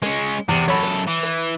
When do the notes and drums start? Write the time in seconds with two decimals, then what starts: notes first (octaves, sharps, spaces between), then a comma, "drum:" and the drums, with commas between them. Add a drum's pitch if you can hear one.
0.02 G#3 C#4, drum: hi-hat
0.49 E2 C3
0.68 F#2 A4 C#5 B5
0.83 drum: hi-hat
1.08 E3
1.23 drum: hi-hat